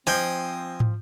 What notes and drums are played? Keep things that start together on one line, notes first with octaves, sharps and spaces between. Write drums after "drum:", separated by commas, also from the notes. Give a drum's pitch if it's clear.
F3 C4 C5 D#5 G5 G#5 G6
drum: tom